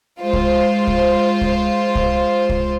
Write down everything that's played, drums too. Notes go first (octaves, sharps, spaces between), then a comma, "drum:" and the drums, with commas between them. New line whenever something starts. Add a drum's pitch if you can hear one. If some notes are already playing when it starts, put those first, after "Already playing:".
G#3 F4 C5
drum: kick C2
drum: kick C2
drum: kick C2
drum: kick C2
drum: kick C2